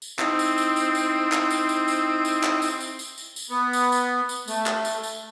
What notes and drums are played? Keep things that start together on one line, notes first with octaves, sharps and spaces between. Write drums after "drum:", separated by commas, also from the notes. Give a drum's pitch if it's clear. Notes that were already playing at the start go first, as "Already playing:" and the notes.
drum: tambourine
C4 D#4 E4, drum: clap
drum: tambourine
drum: tambourine
drum: tambourine
drum: tambourine
drum: clap
drum: tambourine
drum: tambourine
drum: tambourine
drum: tambourine
drum: clap
drum: tambourine
drum: tambourine
drum: tambourine
drum: tambourine
drum: tambourine
B3
drum: tambourine
drum: tambourine
drum: tambourine
A3, drum: tambourine
drum: clap
drum: tambourine
drum: tambourine